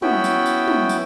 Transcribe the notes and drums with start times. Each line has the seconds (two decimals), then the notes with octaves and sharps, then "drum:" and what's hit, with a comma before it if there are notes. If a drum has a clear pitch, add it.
0.02 B3 C#4 E4 F#4 G5 B5, drum: tom
0.24 drum: tambourine
0.46 drum: tambourine
0.68 drum: tom
0.89 drum: tambourine